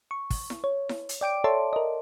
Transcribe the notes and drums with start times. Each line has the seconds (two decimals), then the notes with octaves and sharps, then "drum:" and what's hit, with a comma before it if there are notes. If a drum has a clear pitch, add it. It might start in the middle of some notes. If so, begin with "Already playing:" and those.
0.11 C#6
0.30 drum: kick, open hi-hat
0.50 drum: snare E4
0.64 C#5
0.89 drum: snare E4
1.09 drum: hi-hat
1.21 D5 G5 D6 D7
1.44 A4 C#5 D5 E5 A5 C6
1.73 A#4 D#5